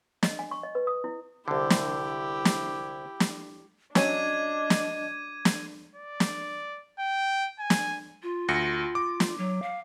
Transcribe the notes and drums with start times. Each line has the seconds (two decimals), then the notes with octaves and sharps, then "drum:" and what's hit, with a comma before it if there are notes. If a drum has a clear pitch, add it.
0.23 D#5, drum: snare
0.39 G#5
0.51 C#6
0.63 D#5
0.75 B4
0.87 D#6
1.04 E4
1.48 C2 D3 E4 G4
1.70 drum: snare
2.45 drum: snare
3.20 drum: snare
3.95 F#3 C#4 D4 D#5 D6 G#6 D#7, drum: snare
4.70 drum: snare
5.45 drum: snare
5.95 D5
6.20 drum: snare
6.99 G5
7.59 G#5
7.70 drum: snare
8.23 F4
8.48 D2 A#6 C#7
8.95 D6
9.20 drum: snare
9.37 F#3
9.62 F5